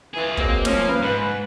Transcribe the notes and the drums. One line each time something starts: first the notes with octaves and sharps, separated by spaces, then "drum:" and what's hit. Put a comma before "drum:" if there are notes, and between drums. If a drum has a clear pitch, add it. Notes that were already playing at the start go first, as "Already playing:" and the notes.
E3 F4 G#4
F#3 G#3 A#3 C4, drum: kick
F3 C#4, drum: snare
B4 F5
G#2 B4